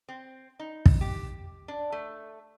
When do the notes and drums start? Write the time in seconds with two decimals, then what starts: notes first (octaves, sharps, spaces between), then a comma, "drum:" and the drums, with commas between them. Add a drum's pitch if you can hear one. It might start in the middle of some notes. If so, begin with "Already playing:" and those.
0.08 C4
0.59 D#4
0.86 drum: kick
1.01 G4
1.68 D4
1.92 A3